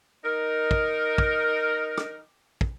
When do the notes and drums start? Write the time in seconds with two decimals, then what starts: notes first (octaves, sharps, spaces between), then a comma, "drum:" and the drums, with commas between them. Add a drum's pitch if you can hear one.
0.23 D#4 A#4
0.71 drum: kick
1.18 drum: kick
1.98 drum: rim click
2.61 drum: kick